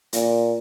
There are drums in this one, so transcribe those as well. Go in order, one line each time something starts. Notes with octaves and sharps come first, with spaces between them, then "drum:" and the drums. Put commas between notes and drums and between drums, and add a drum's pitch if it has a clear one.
A#2, drum: hi-hat